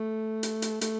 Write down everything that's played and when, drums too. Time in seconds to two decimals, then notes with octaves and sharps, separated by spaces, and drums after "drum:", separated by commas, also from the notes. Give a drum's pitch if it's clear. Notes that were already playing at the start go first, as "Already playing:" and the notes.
Already playing: A3
0.43 drum: hi-hat
0.62 drum: hi-hat
0.81 A3, drum: hi-hat